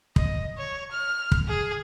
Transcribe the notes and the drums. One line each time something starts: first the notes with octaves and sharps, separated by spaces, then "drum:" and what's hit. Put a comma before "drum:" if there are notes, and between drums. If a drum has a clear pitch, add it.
D#5, drum: kick
C#5
F6
drum: kick
G#4